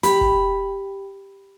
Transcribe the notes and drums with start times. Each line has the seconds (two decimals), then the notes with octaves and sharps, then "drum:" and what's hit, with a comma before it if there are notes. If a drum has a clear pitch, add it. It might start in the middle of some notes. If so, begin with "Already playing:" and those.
0.03 G4 B5, drum: hi-hat
0.21 drum: kick